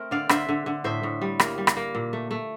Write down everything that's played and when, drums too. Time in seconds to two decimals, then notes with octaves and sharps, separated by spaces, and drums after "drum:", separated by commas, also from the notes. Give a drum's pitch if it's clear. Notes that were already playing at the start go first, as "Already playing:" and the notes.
Already playing: A3 C4 A#4
0.11 D3 D5 F5
0.29 D3 C5 E5, drum: rim click
0.49 D3
0.66 D3
0.84 A2 C5 E5
1.03 A2
1.22 G3
1.40 A#3, drum: rim click
1.58 G3
1.67 drum: rim click
1.77 A#3
1.95 A#2
2.13 A3
2.31 A3